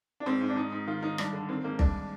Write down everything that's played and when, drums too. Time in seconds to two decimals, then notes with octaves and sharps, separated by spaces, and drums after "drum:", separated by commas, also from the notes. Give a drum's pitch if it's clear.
0.20 D4
0.26 G#2 C4
0.41 G#2
0.49 D4
0.56 G#2 D#4
0.72 G#2
0.87 D#3 F4
1.03 D#3 D#4
1.18 G2 D4, drum: rim click
1.33 D3
1.49 D#3 C4
1.64 G#2 A#3
1.79 G2 D4, drum: kick